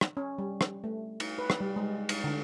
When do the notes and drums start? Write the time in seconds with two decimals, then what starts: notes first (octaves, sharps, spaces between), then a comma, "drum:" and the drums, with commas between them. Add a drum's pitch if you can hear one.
0.01 drum: rim click
0.17 C#4
0.38 G3
0.61 drum: rim click
0.84 A3
1.20 drum: cymbal
1.39 B4
1.50 drum: rim click
1.60 G3
1.76 G#3
2.09 drum: cymbal
2.24 D3